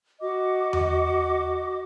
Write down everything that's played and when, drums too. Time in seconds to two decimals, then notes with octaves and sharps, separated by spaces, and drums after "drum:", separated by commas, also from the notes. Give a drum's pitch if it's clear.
0.21 F#4 D#5 D6
0.73 drum: tom E2